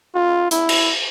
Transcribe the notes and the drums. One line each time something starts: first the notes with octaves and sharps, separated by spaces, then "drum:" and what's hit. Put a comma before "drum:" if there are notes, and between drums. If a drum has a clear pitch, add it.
F4
E4, drum: hi-hat
drum: cymbal